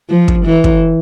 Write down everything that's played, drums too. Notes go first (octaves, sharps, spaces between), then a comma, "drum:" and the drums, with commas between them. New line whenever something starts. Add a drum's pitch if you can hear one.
F3
drum: kick
E3
drum: kick